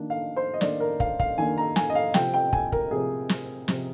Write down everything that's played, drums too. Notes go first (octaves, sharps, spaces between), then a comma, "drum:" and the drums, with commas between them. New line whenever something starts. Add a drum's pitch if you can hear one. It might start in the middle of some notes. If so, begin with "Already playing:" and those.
Already playing: D#3 A#3 D4
F5
C5
D#5
D#3 A#3 D4 D5, drum: snare
A#4
F5, drum: kick
F5, drum: kick
D#3 A#3 D4 G#5
A#5
G#5, drum: snare
D#5
F5
C3 F3 C4 G5, drum: snare
G5
G#5, drum: kick
A#4, drum: kick
C3 F3 C4 G#4
drum: snare
C3 F3 C4, drum: snare